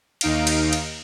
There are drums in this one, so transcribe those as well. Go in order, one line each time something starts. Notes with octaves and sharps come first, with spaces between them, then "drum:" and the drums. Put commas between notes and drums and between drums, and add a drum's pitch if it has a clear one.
D#2 D#4 F5 D7, drum: cymbal
drum: cymbal
drum: cymbal